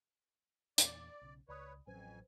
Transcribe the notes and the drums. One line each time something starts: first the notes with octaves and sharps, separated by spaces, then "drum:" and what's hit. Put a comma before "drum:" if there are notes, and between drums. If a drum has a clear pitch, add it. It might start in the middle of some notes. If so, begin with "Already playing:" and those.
E2 A#2 D5, drum: hi-hat
B1 C#3
C#2 B4 C#5 D5 B5 D#6
A1 F2 F#3 C#4 B4 C5 G#5